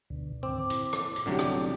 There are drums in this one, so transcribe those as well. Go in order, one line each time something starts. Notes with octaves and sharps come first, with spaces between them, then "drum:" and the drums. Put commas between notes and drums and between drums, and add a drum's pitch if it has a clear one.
D2 B2 D3
G#2 D3 D#3 C4 D6
A#2 E4 C6, drum: hi-hat
drum: rim click
drum: hi-hat
C2 A2 D3 F#3 C#4 D4 G4
drum: rim click